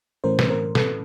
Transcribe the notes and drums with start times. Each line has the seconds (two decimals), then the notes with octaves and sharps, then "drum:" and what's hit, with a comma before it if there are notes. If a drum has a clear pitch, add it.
0.24 A2 E3 A3 C#4 A#4 C5
0.39 B4, drum: snare
0.50 A#4 C5
0.75 A4 B4, drum: snare